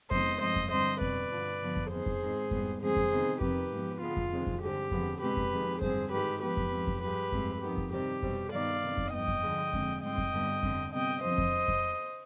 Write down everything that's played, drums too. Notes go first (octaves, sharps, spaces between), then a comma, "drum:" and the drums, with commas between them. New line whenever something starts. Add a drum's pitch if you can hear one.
F2 C3 D#3 G#3 B3 C5 D#5, drum: kick F2
G2 F3 G#3 C4 C5 D#5
drum: kick F2
G2 D3 G3 C4 C5 D#5
B2 G3 C4 B4 D5, drum: kick F2
G2 D3 F3
G2 D3 F3 B3
drum: kick F2
F2 D#3 B3 G#4 C5
drum: kick F2
G#2 D#3 G#3 C4
G#2 G3 B3, drum: kick F2
F2 D3 G#3 C4 G#4 C5
drum: kick F2
C3 D#3 B3
F2 C3 D#3 G4 B4, drum: kick F2
G#2 F3 B3
D3 G#3 B3 F4
drum: kick F2
F2 C3 D#3 G#3 C4
drum: kick F2
G2 D3 G#3 C4 G4
F2 D3 F3 G#3 B3, drum: kick F2
B2 G#3 C4 G4 B4
drum: kick F2
F2 D#3 G#3
G2 D3 G3 C4 G#4 C5, drum: kick F2
G#2 D#3 G#3 G4 B4
G#2 F3 B3 G4 B4
drum: kick F2
G#2 F3 C4
drum: kick F2
G2 F3 G#3 G4 B4
G2 F3 G#3 C4, drum: kick F2
F2 D#3 B3 G4
drum: kick F2
C3 D#3 G3 C4 G4
B2 G3 C4, drum: kick F2
G2 D#3 B3 D5 F5
C3 D#3 B3
drum: kick F2
G2 F3 B3 D#5 G5
drum: kick F2
D3 F3 G#3
F2 D3 G#3 C4, drum: kick F2
G#2 G3 C4 D#5 G5
drum: kick F2
G2 D3 G3 B3
D3 G3 C4, drum: kick F2
C3 G3 B3 D#5 G5
F2 D3 F3 C4 C5 D#5
drum: kick F2
drum: kick F2